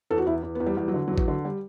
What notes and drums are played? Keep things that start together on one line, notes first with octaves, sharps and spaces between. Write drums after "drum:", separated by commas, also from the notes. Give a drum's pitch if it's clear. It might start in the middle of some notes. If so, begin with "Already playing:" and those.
E2 A4
F#4
E2 E4
E2
B3
E2
G3
E2 G3
F#3
D3
E2 F#3
drum: kick G#1
D3
G3